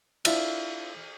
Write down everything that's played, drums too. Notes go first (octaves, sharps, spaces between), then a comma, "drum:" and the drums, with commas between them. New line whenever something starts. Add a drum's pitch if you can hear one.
D4 E4 F4 D5 E5, drum: cymbal